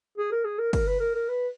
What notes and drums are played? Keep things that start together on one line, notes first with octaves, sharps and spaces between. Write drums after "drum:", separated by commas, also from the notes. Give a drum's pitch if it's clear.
G#4
A#4
G#4
A#4
A#4, drum: kick, cymbal
B4
A#4
A#4
B4